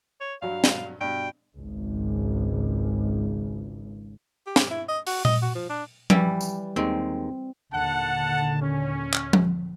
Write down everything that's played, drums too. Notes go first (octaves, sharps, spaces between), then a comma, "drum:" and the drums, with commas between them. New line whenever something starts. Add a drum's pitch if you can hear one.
C#5
G2 F#3 F5
drum: snare
G2 B2 G5
G#1 C#2
G4
drum: snare
E4
D#5
F#4, drum: open hi-hat
D#5, drum: tom A#2
F#4
F3
D4
E3 G3 E4, drum: tom F3
drum: tambourine
D#2 D#3 G#3 C4
D#2 A#2 D3 F#5 A5
C#4
drum: clap
drum: tom F3